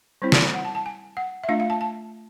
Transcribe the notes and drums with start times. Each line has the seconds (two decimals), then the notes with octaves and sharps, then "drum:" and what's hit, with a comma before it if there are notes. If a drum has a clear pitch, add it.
0.22 G3 C4 E4 C5
0.32 drum: snare
0.54 F#5
0.65 A5
0.75 A5
0.86 G#5
1.17 F#5
1.44 E5
1.49 A3 D4 F4 F5
1.60 F5
1.70 A5
1.81 A5